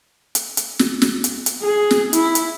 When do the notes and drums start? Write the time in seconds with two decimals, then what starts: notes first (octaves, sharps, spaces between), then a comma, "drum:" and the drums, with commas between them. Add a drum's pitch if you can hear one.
0.35 drum: hi-hat
0.57 drum: hi-hat
0.79 drum: snare
1.02 drum: snare
1.24 drum: hi-hat
1.46 drum: hi-hat
1.61 G#4
1.91 drum: snare
2.13 E4, drum: hi-hat
2.35 drum: hi-hat